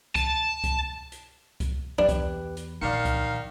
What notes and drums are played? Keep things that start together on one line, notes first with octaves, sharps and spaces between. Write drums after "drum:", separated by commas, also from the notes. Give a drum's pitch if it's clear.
A5, drum: kick C2, hi-hat
drum: kick C2, hi-hat
drum: hi-hat
drum: kick C2, hi-hat
E2 D4 G4 B4
drum: kick C2, hi-hat
drum: hi-hat
A#1 D#3 D5 F5 C#7
drum: kick C2, hi-hat